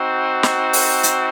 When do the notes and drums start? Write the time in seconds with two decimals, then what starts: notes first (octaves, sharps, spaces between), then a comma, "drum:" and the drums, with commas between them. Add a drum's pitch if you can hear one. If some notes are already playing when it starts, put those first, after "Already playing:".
Already playing: C4 D#4 F#4
0.43 drum: snare
0.73 drum: open hi-hat
1.03 drum: hi-hat